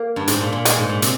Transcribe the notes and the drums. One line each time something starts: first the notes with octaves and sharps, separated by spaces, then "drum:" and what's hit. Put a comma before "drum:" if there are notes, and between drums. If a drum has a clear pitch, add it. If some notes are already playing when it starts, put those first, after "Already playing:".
Already playing: A#3
G2
G#2, drum: hi-hat
A#2
A#2
G#3, drum: hi-hat
G#2
A#2
C3, drum: hi-hat